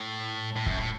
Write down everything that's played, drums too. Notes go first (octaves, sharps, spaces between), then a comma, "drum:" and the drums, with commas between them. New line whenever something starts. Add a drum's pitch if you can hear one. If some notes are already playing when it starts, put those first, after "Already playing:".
Already playing: A2
A2
F#2, drum: kick
A2